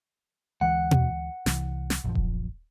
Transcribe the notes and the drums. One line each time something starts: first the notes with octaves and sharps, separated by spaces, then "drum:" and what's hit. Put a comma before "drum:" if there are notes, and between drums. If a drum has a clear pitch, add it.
D2 E3 G#3 F#5
drum: tom B2
C2 E3, drum: snare
drum: snare
A#1 F#2 F3
drum: kick D#1